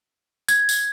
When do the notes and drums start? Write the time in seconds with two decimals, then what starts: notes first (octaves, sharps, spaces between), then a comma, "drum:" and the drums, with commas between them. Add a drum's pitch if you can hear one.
0.48 G#6, drum: tambourine
0.69 drum: tambourine